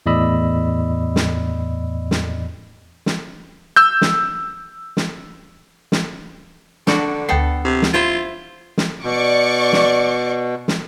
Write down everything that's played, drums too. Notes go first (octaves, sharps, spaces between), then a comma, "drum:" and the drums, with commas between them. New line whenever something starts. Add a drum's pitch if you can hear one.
E2 A2 D5 D#5 B5 E6
drum: snare
drum: snare
drum: snare
E6 G6
drum: snare
drum: snare
drum: snare
D3 D4 F#4, drum: snare
D2 B3 A4 G5 C7
C3
drum: snare
E4 F4 C5 E5
drum: snare
B2 D5 C#6 D6
drum: snare
drum: snare